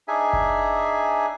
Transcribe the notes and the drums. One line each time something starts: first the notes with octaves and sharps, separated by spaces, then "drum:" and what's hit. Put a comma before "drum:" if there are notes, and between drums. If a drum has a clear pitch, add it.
D4 D#4 G#4 E5 G#5
drum: kick F#1